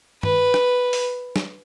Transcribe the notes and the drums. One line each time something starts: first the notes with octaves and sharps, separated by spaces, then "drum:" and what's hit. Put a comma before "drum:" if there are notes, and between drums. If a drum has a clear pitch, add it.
B4, drum: tom
drum: rim click
drum: open hi-hat
drum: snare